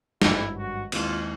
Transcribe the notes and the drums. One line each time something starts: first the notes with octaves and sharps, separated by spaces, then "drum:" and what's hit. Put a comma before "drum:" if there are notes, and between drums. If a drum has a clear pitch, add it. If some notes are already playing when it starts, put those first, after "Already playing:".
G#1 G2 D#3 F#3 E4, drum: snare
F#4
D#2 D#3 G#3 C4 E4 F4, drum: cymbal